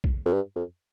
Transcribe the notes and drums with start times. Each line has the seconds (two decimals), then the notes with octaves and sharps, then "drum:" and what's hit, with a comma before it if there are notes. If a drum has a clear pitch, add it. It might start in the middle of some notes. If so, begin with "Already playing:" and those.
0.04 drum: kick
0.25 F2
0.33 G2
0.56 F2